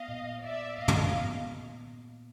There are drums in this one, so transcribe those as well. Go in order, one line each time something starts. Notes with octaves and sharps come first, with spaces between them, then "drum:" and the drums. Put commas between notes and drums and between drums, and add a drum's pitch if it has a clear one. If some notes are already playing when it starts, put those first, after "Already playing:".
Already playing: B3 D#5 F5
A#2
A#2 D5 E5
A#2 D#5 F5
drum: tom
B3